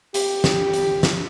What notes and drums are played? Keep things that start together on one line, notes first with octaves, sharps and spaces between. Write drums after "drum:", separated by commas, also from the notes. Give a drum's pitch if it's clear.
G4, drum: hi-hat
drum: snare
drum: hi-hat
drum: snare